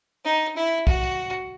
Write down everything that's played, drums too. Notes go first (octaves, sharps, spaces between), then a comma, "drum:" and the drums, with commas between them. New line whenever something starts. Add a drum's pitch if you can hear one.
D#4
E4
F#4, drum: kick B1